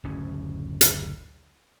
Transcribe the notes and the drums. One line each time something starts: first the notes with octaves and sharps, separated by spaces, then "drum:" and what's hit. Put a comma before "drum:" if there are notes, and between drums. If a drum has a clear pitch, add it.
F#1 D2 A2 C#4
drum: hi-hat